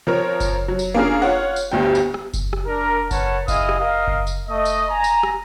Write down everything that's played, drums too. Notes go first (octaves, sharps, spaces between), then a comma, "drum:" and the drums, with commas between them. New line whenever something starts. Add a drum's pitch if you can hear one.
F3 C4 A#4 C#5
drum: kick F#1, tambourine
F#3
drum: tambourine
A#3 C#4 D4 F4 G#4 A#4
F4 C#5 F#5
drum: tambourine
G1 D2 G2 G5
drum: tambourine
drum: rim click
drum: kick F#1, tambourine
drum: rim click
D4 A#4
A#4 B4 C#5 F#5 A5, drum: kick F#1, tambourine
E4 G#4 D#5 F5 D#6, drum: kick F#1, tambourine
drum: rim click
A#4 D#5 F5
drum: kick F#1
drum: tambourine
A3 D#5
drum: tambourine
G#5 A#5
drum: tambourine
drum: rim click